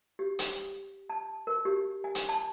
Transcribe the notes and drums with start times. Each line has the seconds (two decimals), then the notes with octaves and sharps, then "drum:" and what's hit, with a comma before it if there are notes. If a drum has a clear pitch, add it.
0.19 G4
0.39 drum: hi-hat
1.10 A5
1.47 A#4
1.65 G4
2.04 G#5
2.15 drum: hi-hat
2.29 A5